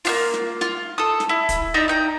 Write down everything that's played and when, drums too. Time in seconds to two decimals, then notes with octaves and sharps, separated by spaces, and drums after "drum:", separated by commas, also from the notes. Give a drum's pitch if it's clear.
0.05 A#3 D4 F4, drum: open hi-hat
0.34 drum: snare
0.61 F4, drum: snare
0.98 A4 D#6
1.20 drum: snare
1.29 E4
1.49 drum: kick, hi-hat
1.74 D#4 D5 E5 A#5
1.88 D#4 G5 A#5